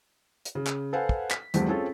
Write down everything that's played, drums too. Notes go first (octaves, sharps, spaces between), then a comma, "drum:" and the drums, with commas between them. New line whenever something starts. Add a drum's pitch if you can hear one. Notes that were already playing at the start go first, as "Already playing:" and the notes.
drum: hi-hat
C#3
drum: clap
A4 B4 C5 F5 F#5 G#5
drum: kick
B6, drum: clap
E2 G2 F3 G3 A3 C4, drum: hi-hat
C4 C#4 F4 G#4 A4